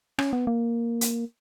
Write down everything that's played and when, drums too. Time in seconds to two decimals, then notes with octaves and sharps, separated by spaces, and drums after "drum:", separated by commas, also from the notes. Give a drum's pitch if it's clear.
0.19 C#4, drum: rim click
0.33 B3
0.47 A#3
1.01 drum: hi-hat